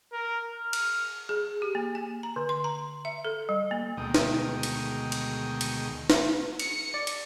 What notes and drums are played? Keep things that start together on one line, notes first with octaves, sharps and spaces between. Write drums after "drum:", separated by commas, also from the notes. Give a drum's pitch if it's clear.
A#4
F6
drum: cymbal
G#4
G4
A#3
G#5
A#5
D3
C6
A#5
E5
A4
G3
A#3
D2 B2 D#3 G#3 G5 D#6
drum: snare
drum: cymbal
drum: cymbal
drum: cymbal
drum: snare
C#7, drum: cymbal
D5
drum: cymbal